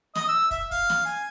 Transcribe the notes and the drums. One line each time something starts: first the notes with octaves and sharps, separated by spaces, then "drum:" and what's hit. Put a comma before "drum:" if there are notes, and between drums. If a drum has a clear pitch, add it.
D#5, drum: snare
E6
E5, drum: kick, hi-hat
F5, drum: kick, hi-hat
drum: snare
G#5, drum: hi-hat